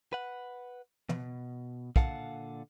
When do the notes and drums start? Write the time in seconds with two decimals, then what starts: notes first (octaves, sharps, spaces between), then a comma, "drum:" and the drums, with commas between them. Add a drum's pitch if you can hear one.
0.13 B4 F#5
1.09 B2, drum: tom
1.96 A#2 D3 F5 F#5 A5, drum: kick